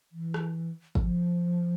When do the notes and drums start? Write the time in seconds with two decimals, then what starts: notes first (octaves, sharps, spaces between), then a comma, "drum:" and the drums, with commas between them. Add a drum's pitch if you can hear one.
0.12 E3
0.34 drum: rim click
0.95 F3, drum: kick